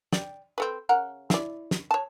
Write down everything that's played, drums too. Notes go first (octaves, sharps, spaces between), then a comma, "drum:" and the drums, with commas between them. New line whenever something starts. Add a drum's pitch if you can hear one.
D5 G5, drum: snare
C4 A4 B4
C#3 A#4 F#5
E4 D5, drum: snare
drum: snare
C#5 A5